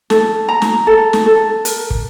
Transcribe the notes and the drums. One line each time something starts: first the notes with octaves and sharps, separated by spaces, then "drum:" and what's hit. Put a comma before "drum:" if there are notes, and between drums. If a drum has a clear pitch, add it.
A4, drum: snare
A#5
drum: snare
A4
drum: snare
A4
A#4, drum: hi-hat
drum: kick